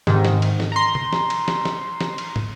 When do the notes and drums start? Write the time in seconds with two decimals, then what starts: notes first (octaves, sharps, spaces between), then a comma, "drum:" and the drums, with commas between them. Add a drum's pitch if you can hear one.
0.07 G#2 C3 D#3, drum: snare
0.25 drum: snare
0.42 drum: cymbal
0.60 drum: snare
0.72 A#5 C6
0.95 drum: tom
1.13 drum: snare
1.30 drum: cymbal
1.48 drum: snare
1.65 drum: snare
2.01 drum: snare
2.18 drum: cymbal
2.36 drum: tom